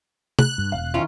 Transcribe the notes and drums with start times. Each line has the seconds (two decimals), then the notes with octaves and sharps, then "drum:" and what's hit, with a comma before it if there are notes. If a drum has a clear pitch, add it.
0.39 F#6, drum: tom
0.58 G2
0.72 E1 F5
0.94 D#3 C#4 E4 F4